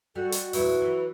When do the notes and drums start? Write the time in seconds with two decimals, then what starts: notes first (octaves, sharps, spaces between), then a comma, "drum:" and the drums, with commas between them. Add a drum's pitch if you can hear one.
0.16 G3 F#4 A4
0.32 D#5, drum: hi-hat
0.53 E2 A#2 F#3 E4 F#4 B4, drum: open hi-hat
0.82 E3